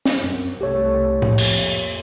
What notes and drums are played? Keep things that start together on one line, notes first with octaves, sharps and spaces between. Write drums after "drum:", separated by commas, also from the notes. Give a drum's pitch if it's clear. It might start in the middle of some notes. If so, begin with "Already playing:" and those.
drum: snare
F#2
C2 A3 G4 C#5
F2 A#2, drum: tom A2
drum: cymbal